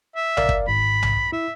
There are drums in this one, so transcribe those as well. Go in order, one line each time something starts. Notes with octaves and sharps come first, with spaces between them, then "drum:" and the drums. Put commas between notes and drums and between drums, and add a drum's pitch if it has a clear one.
E5
A#4 D5 F5, drum: tom B1
drum: kick
G#1 G#2 B5
drum: tom B1
E4 E5